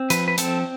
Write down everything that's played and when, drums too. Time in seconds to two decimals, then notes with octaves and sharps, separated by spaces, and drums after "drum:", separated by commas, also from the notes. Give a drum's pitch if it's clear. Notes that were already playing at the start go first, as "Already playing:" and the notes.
Already playing: C4
0.10 F3 B4, drum: hi-hat
0.28 B4
0.38 C4 A4, drum: hi-hat